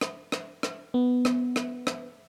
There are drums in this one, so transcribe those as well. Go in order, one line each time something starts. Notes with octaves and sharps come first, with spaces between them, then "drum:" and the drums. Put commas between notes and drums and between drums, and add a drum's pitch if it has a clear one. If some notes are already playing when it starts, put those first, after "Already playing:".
drum: rim click
drum: rim click
drum: rim click
B3
drum: rim click
drum: rim click
drum: rim click